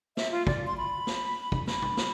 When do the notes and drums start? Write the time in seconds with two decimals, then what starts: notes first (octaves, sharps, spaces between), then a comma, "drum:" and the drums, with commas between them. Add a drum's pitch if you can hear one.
0.17 E5, drum: snare
0.32 F4
0.47 D5, drum: kick
0.67 C6
0.77 B5
1.07 drum: snare
1.52 drum: kick
1.67 B5, drum: snare
1.82 drum: tom B2
1.97 drum: snare